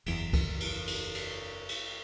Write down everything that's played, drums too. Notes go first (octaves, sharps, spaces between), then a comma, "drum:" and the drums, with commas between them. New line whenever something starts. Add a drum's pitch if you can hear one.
F#1 E2, drum: cymbal
drum: kick C#2, cymbal
drum: cymbal
drum: cymbal
drum: cymbal
drum: cymbal